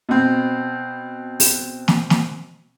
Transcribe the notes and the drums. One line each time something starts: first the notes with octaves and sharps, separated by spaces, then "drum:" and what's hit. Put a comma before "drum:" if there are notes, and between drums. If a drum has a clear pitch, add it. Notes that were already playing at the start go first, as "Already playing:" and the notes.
B2 C4
drum: open hi-hat
drum: snare
drum: snare